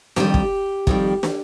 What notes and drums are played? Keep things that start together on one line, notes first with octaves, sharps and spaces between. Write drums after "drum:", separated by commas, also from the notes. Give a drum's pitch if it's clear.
F2 D#3 G3 G4, drum: snare
drum: kick
F2 D#3 G3, drum: kick
drum: snare